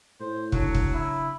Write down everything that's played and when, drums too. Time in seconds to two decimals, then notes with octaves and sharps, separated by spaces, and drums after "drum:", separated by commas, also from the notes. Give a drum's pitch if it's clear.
0.20 A2 C5
0.52 C#3 F#3 D4, drum: kick
0.75 drum: kick
0.94 E4